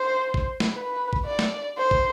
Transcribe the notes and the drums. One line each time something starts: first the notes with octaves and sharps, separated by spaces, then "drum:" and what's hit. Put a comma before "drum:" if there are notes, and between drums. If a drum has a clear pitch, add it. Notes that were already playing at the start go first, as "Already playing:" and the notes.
Already playing: C5
drum: kick
drum: snare
B4
drum: kick
D5
drum: snare
C5
drum: kick